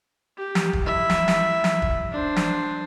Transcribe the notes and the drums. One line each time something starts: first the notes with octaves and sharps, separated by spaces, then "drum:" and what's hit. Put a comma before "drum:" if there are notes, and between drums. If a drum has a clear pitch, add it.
G4
drum: snare
drum: kick
E4 E5
drum: snare
drum: snare
drum: snare
drum: kick
D4 C5
drum: snare